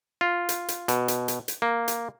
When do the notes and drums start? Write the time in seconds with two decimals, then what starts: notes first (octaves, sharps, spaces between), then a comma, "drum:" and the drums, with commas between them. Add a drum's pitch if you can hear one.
0.21 F4
0.49 drum: hi-hat
0.68 drum: hi-hat
0.88 B2, drum: hi-hat
1.08 drum: hi-hat
1.28 drum: hi-hat
1.48 drum: hi-hat
1.62 A#3
1.88 drum: hi-hat